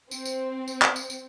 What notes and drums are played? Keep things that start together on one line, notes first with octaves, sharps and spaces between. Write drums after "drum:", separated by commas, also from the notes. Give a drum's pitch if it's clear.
C4, drum: tambourine
drum: tambourine
drum: tambourine
drum: clap
drum: tambourine
drum: tambourine